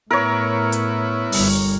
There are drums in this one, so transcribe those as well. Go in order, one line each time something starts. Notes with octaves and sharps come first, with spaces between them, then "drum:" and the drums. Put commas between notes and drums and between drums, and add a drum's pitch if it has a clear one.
A2 B3 E4 A#4 C#5
drum: hi-hat
G1 G3, drum: open hi-hat